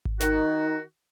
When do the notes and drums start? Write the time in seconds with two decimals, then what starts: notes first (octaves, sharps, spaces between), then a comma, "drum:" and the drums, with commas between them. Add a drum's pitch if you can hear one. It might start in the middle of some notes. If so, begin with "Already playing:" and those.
0.05 drum: kick G#1
0.20 D#3 D#4 F#4, drum: snare